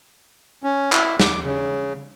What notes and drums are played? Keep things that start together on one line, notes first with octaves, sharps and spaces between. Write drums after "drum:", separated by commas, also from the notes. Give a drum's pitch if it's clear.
C#4
E4, drum: clap
D6, drum: snare
C#3